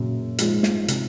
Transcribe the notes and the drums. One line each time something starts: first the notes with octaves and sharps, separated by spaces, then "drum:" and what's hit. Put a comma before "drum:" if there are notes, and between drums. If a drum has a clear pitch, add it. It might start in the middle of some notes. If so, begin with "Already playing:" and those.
Already playing: F#2 A#2 C#3 F#3
G#2 F3 G#3, drum: hi-hat
drum: snare
C3, drum: hi-hat